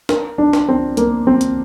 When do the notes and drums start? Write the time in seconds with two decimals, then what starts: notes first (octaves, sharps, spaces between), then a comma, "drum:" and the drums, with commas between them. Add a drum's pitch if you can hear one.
0.09 A#4, drum: snare
0.38 D4
0.53 drum: snare
0.68 C4
0.97 A#3, drum: hi-hat
1.27 C4
1.41 drum: hi-hat